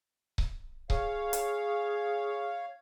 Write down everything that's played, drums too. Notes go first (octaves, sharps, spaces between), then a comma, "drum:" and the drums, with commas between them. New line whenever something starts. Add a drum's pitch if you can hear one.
drum: kick C#1
G#4 C#5 F5, drum: kick C#1
drum: hi-hat